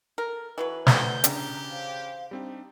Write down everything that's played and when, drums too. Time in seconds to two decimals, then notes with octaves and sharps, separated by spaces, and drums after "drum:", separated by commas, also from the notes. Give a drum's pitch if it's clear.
0.18 A4 A#4
0.58 E3 F#3 A4 B4 A5 C#6
0.87 A3 C5 D5 F#5 G6, drum: snare
1.24 C#3 D4 G4 A#5, drum: hi-hat
1.70 C5 F5
2.31 G3 C4 D4 D#4 G4